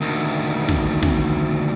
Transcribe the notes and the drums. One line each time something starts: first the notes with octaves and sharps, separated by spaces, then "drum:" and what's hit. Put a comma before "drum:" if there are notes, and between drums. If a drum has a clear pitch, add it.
D2 D#3
drum: snare
drum: snare